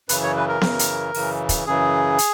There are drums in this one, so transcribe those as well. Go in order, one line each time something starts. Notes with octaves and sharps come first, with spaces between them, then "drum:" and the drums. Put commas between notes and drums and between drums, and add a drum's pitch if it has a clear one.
F#2 C#3 E3 B4, drum: hi-hat
C#5
B4
A#4
F#2 C#3 E3, drum: snare B3
drum: hi-hat
F#2 C#3 E3, drum: open hi-hat
drum: kick, hi-hat
F#2 C#3 E3 G#4
drum: hi-hat